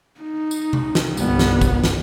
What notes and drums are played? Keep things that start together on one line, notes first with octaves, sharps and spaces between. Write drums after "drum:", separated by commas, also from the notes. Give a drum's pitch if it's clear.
D#4
drum: tambourine
drum: tom C3
drum: snare
G1 C2 G3 B3, drum: tambourine
drum: snare
drum: kick, tambourine
drum: snare